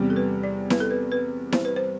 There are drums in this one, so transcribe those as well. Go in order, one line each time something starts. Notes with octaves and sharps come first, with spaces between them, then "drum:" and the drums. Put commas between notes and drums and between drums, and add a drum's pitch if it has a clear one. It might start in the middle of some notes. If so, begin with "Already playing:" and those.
Already playing: E2 C3 G3
A4
B4
D5
B4, drum: snare E4
A4
B4
B4
C5, drum: snare E4
B4
C5